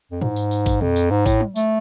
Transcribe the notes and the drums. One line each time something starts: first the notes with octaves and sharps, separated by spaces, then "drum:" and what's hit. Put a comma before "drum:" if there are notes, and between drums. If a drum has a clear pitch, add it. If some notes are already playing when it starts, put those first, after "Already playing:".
F2
G#2, drum: tom G#2
drum: tambourine
drum: tambourine
drum: kick A1, tambourine
F2, drum: tom A#2
drum: tambourine
G#2
A2, drum: kick A1, tambourine
drum: tom F#3
A3, drum: tambourine